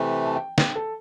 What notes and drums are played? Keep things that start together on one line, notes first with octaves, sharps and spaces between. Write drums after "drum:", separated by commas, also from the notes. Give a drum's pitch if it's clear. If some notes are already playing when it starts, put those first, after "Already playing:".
Already playing: C3 E3 A3
A5
G5
G5, drum: snare
A4